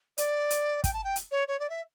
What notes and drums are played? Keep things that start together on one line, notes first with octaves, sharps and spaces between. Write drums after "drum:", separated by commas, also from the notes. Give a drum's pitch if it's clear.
D5, drum: hi-hat
drum: hi-hat
G5, drum: kick, hi-hat
A5
G5
drum: hi-hat
C#5
C#5
D5
E5